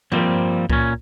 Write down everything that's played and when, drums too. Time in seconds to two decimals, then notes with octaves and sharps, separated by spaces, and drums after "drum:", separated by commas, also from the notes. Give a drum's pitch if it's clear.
0.12 F3 G3 A#3 C4, drum: tom G2
0.70 A#2 C#4, drum: kick C#2